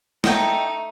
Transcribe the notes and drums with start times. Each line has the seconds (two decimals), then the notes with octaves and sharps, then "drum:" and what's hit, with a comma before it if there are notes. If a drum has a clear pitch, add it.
0.24 A3 D#4 D#5 G5, drum: snare